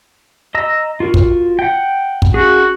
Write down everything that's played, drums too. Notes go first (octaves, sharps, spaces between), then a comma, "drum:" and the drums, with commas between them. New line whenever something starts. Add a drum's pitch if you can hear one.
D#5 A#5 E6
F4 F#4 A#4
drum: kick
F#5 G5
drum: kick
C#4 F#4 G#4